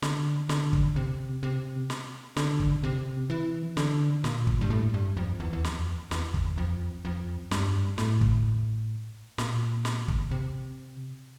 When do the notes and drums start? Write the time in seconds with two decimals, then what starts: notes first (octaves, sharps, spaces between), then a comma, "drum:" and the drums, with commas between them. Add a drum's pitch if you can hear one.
0.02 D3, drum: snare
0.49 D3, drum: snare
0.73 drum: kick
0.96 C3
1.43 C3
1.90 drum: snare
2.37 D3, drum: snare
2.60 drum: kick
2.84 C3
3.30 E3
3.77 D3, drum: snare
4.24 A#2, drum: snare
4.47 drum: kick
4.61 G2
4.70 A2
4.94 G2
5.17 F2
5.40 E2
5.53 E2
5.64 F2, drum: snare
6.11 E2, drum: snare
6.34 drum: kick
6.58 F2
7.05 F2
7.51 G2, drum: snare
7.98 A2, drum: snare
8.21 drum: kick
9.38 A#2, drum: snare
9.85 drum: snare
10.08 drum: kick
10.31 C3